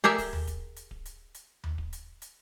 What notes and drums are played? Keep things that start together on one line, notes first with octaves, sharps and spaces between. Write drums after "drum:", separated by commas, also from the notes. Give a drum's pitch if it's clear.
G4 G#4 A#4 E5
drum: kick D1, open hi-hat
drum: tom D#2
drum: kick D1, hi-hat
drum: hi-hat
drum: kick D1
drum: hi-hat
drum: hi-hat
drum: tom D#2
drum: kick D1
drum: hi-hat
drum: hi-hat